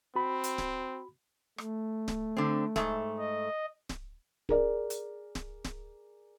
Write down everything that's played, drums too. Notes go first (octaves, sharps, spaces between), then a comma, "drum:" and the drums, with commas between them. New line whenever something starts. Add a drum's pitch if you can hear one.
C4 F#4 B5
drum: hi-hat
drum: snare D1
A3, drum: rim click
drum: snare D1
D3 C4
G#2 A3, drum: snare D1
D#5
drum: snare D1
G#4 A#4 D5, drum: kick D1
drum: hi-hat
drum: snare D1
drum: snare D1